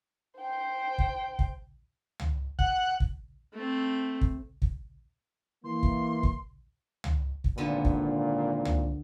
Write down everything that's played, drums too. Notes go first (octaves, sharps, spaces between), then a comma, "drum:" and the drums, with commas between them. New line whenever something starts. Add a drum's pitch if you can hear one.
C5 G5
drum: kick
drum: kick
drum: tom
F#5, drum: kick
drum: kick
A3 C4
drum: kick
drum: kick
E3 A#3 C6
drum: kick
drum: kick
drum: tom
drum: kick
G#1 A#2 D3 B3
drum: kick
drum: tom